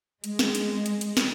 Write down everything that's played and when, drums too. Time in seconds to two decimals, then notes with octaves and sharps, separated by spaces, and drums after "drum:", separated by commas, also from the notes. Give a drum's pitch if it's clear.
0.24 G#3, drum: hi-hat
0.39 drum: snare
0.55 drum: hi-hat
0.86 drum: hi-hat
1.01 drum: hi-hat
1.17 drum: snare